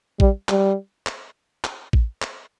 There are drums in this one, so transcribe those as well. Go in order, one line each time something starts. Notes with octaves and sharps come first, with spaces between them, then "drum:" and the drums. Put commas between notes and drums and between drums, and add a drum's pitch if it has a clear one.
G3, drum: kick A1
G3, drum: clap
drum: clap
drum: clap
drum: kick A1
drum: clap